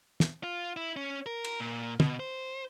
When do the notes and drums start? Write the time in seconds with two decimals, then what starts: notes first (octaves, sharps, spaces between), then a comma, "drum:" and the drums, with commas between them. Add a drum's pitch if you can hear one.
0.20 drum: snare
0.44 F4
0.77 E4
0.97 C#4
1.26 A#4
1.44 drum: cymbal
1.60 A#2
2.00 B2, drum: tom
2.20 C5